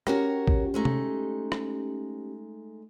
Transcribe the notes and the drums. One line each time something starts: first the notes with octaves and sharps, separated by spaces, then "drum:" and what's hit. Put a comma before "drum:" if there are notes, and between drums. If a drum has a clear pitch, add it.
C#4 F#4 G4 A#4 C#5, drum: rim click
drum: kick
G#3 A3 D#4
drum: tom C3
drum: rim click